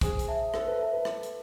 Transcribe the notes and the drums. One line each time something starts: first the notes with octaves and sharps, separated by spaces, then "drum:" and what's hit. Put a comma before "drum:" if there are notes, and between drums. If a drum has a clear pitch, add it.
G#4 C5, drum: kick, hi-hat
drum: hi-hat
E5 A5
A4 C5, drum: rim click
B4
E5 A5
B4
A4, drum: rim click
drum: hi-hat